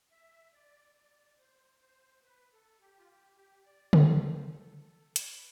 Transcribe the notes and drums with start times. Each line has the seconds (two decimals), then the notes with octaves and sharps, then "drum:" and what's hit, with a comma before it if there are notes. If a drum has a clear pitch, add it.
0.12 E5
0.54 D5
0.96 D5
1.39 C5
1.81 C5
2.23 B4
2.52 A4
2.80 G4
2.98 F4
3.09 G4
3.36 G4
3.65 D5
3.93 D5, drum: tom C#3
4.21 C5
4.50 A4
4.78 A4
5.16 A4, drum: hi-hat
5.20 B4